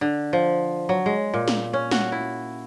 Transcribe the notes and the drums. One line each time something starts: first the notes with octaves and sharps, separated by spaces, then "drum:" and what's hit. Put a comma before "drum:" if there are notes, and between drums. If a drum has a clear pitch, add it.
D3
F3
F#3
G#3
A#2
drum: snare
C#4
F#4, drum: snare
E4